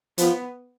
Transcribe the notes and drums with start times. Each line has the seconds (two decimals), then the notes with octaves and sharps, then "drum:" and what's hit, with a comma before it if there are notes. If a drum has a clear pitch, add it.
0.18 F3 B3, drum: hi-hat